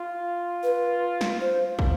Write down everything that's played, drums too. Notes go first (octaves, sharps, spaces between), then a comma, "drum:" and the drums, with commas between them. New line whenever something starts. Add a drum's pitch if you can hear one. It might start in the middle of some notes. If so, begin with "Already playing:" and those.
Already playing: F4
B4
drum: snare
F4 C5
drum: kick